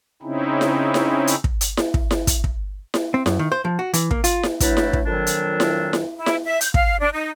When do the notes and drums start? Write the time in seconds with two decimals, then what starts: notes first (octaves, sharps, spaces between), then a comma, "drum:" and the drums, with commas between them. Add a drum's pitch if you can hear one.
0.22 C#3 C4 C#4 D#4 E4
0.61 drum: snare E4
0.94 drum: snare E4
1.27 drum: hi-hat
1.44 drum: kick
1.61 drum: hi-hat
1.77 drum: snare E4
1.94 drum: kick
2.11 drum: snare E4
2.27 drum: kick, hi-hat
2.44 drum: kick
2.94 drum: snare E4
3.14 C4
3.26 F#2, drum: snare E4
3.39 D#3
3.52 C5
3.65 F3
3.79 F#4
3.94 E3, drum: hi-hat
4.11 A#3, drum: kick
4.24 F4, drum: hi-hat
4.43 drum: snare E4
4.60 E3 F#3 A3 D4 E4, drum: kick, hi-hat
4.77 drum: snare E4
4.93 drum: kick
5.06 F2 A#2 D#3 F#3 D4
5.27 drum: hi-hat
5.60 drum: snare E4
5.93 drum: snare E4
6.17 E4
6.26 drum: snare E4
6.45 E5
6.61 G6, drum: hi-hat
6.74 F5, drum: kick
7.00 D4
7.13 D#4